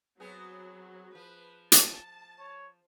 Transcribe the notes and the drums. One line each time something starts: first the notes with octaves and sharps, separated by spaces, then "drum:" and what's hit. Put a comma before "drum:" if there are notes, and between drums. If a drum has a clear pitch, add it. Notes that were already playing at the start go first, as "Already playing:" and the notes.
F#3 B3 C4 G#4
F3 B4
A5, drum: hi-hat
C#5